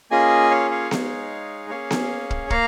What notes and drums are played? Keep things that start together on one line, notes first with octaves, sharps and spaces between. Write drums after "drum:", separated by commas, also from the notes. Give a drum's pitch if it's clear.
A#3 C#4 F4 G#4 D#5 G#5
C#5 F5
C#5 F5
G#3 D#4 G#4, drum: snare B3
A#3 C#4 G#4 C#5 F5
drum: snare B3
drum: kick
A#3 F5 A#5, drum: kick